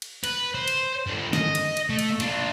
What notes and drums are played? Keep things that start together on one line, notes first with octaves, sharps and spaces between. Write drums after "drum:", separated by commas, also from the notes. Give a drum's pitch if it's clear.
drum: cymbal
B4, drum: cymbal
C5
drum: cymbal
G2 D3
D#5, drum: snare
drum: cymbal
drum: cymbal
A3
drum: cymbal
D4 F4, drum: cymbal